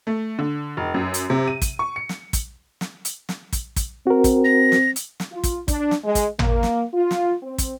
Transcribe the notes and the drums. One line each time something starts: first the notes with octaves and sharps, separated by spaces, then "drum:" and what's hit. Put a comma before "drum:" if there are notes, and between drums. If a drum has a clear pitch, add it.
A3
D3
F1
F#2
drum: hi-hat
C3
D#7
drum: kick, hi-hat
C#6
C#7
drum: snare
drum: kick, hi-hat
drum: snare
drum: hi-hat
drum: snare
drum: kick, hi-hat
drum: kick, hi-hat
C4 F#4 A#4
drum: kick, hi-hat
A#6
drum: snare
drum: hi-hat
drum: snare
F4
drum: kick, hi-hat
D4, drum: kick, hi-hat
drum: snare
G#3
drum: kick, hi-hat
A#3, drum: tom
drum: snare
F4
drum: snare
C4
drum: kick, hi-hat